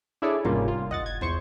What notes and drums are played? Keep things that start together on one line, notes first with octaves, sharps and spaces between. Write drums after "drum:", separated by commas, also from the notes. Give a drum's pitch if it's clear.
D4 E4 G#4 A4 C#5 D5
G#2 C3 G3 A#3 C#4 F4, drum: kick
F4
D#5 F#5 A6, drum: kick
G#6
E2 C5 C#6, drum: kick